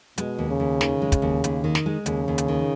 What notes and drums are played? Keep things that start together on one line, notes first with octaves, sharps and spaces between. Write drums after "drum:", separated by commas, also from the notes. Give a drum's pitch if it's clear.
B2 G#3, drum: hi-hat
D#2
C#3
D#2
D#3, drum: snare
G#3
drum: kick, hi-hat
D#2
D#2, drum: hi-hat
D#3
drum: snare
G#3
D#2 C#3, drum: hi-hat
D#2
drum: hi-hat
D#3